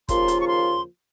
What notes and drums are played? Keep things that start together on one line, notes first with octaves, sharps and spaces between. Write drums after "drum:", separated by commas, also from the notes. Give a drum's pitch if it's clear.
D#2 C#3 F3 A#3 F4 C6, drum: kick, hi-hat
drum: hi-hat
C#6
C6